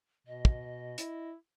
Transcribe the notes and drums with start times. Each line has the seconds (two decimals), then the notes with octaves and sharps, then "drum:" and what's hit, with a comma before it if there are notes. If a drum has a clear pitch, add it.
0.27 B2 D#5
0.45 drum: kick
0.98 E4, drum: hi-hat